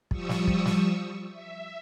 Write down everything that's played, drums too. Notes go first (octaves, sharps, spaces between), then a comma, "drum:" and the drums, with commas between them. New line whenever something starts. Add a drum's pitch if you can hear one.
F3 G3 C#6 D#6 E6, drum: kick
drum: snare
drum: kick
drum: snare
E5